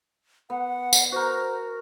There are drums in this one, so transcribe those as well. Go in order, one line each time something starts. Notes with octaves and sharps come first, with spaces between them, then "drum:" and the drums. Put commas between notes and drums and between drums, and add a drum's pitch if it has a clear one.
B3 F#5
drum: tambourine
F#4 A#4 C5